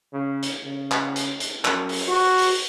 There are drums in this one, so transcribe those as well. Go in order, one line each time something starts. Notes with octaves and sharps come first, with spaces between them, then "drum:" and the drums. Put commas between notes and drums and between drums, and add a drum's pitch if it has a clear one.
C#3
drum: hi-hat
C#3
drum: clap
drum: hi-hat
drum: hi-hat
F#2, drum: clap
drum: open hi-hat
F#4
drum: open hi-hat